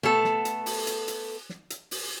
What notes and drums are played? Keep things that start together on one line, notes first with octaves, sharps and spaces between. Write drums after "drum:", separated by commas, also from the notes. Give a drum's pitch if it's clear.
A3 B3 A4, drum: tom B2
drum: snare
drum: hi-hat
drum: open hi-hat
drum: hi-hat
drum: hi-hat
drum: snare
drum: hi-hat
drum: open hi-hat